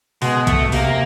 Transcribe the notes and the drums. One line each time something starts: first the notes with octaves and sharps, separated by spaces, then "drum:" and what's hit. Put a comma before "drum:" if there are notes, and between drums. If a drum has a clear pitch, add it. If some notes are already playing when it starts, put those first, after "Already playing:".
B2 G#3, drum: open hi-hat
A3, drum: kick A#1, hi-hat
C3 A#3, drum: open hi-hat